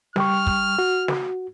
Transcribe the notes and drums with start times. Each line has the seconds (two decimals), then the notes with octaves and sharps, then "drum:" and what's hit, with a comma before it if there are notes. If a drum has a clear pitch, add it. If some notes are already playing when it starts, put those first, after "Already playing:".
0.16 G3 G5 C#6 F6, drum: snare
0.47 drum: kick
0.79 F#4
1.08 drum: snare